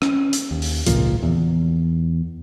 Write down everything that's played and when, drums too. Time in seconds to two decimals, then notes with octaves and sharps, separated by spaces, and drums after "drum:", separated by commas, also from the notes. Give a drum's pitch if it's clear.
0.02 C#4, drum: rim click
0.33 drum: hi-hat
0.51 D#2
0.62 drum: open hi-hat
0.86 G#1 C#2 A#2 F3, drum: hi-hat
1.23 E2